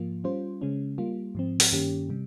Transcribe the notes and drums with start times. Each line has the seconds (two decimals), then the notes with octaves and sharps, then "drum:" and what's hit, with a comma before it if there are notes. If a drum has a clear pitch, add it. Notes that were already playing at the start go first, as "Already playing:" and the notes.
Already playing: G#2 F3 A#3 F4
0.24 G3 C#4 F4 C5
0.61 C#3 G#3 C#4
0.98 G3 A#3 F4
1.35 G#2 F3 C4
1.60 drum: open hi-hat
1.72 G2 D#3 A#3 C#4 G4
2.09 C3 G3